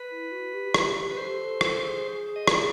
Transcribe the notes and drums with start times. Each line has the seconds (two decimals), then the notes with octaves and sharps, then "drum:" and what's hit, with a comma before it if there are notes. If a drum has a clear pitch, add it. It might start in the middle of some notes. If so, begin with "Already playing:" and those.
Already playing: B4
0.10 E4
0.31 F#4
0.53 G4
0.74 drum: rim click
1.11 B4
1.17 A4 C5
1.61 drum: rim click
1.83 G#4
2.36 D#5
2.47 D5, drum: rim click